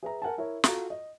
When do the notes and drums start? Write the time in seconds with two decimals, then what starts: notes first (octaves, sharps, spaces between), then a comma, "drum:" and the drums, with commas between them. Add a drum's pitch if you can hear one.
0.03 G#4 B4 E5 A#5
0.22 A#4 F#5 G#5 A5
0.38 E4 A#4 C#5
0.64 F4 F#4 A4 F#5 A#5 C#6, drum: snare
0.90 D#5